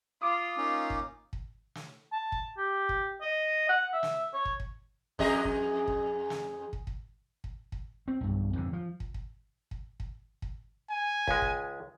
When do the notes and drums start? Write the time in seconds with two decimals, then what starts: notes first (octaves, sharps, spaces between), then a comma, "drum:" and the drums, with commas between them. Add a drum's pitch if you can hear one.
0.22 F4 D6 D#6
0.57 A#3 C#4 D#4
0.90 drum: kick
1.33 drum: kick
1.75 drum: snare
2.12 A5
2.32 drum: kick
2.58 G4
2.89 drum: kick
3.22 D#5
3.69 F#5
3.93 E5
4.03 drum: snare
4.34 C#5
4.45 drum: kick
4.60 drum: kick
5.19 F2 G#4 D#5, drum: kick
5.45 drum: kick
5.88 drum: kick
6.30 drum: snare
6.73 drum: kick
6.87 drum: kick
7.44 drum: kick
7.72 drum: kick
8.08 C4
8.21 B1 G2
8.53 F2 G#2 D3
8.73 F3
9.00 drum: kick
9.14 drum: kick
9.71 drum: kick
10.00 drum: kick
10.42 drum: kick
10.90 G#5
11.28 C#2 G#3, drum: kick
11.42 drum: kick